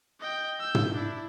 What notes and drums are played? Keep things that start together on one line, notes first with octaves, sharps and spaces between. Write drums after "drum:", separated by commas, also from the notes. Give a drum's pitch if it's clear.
D#5 G5
E6 G6
drum: tom
D4 E4